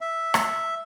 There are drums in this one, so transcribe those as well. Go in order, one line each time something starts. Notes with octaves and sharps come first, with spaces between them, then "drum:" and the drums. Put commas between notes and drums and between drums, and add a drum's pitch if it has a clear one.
E5
drum: rim click